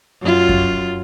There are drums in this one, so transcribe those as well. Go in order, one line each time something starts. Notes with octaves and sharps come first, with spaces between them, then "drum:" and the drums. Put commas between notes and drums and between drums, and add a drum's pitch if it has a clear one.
F#2 F4
drum: kick F#2